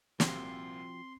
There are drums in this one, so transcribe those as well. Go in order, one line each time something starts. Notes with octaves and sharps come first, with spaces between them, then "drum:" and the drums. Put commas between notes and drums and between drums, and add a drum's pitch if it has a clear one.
C2 A#2 F3 C4 F#4 G4 C6, drum: snare